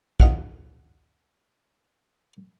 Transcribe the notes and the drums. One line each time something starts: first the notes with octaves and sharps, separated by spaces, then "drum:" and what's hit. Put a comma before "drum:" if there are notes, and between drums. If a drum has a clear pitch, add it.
D#5 F5 F#5, drum: kick